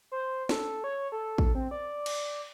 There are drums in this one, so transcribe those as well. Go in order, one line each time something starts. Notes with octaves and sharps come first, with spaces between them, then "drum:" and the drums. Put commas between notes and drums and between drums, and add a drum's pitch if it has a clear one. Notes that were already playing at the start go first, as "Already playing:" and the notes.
C5
A4, drum: snare
C#5
A4
drum: kick
C4
D5
drum: cymbal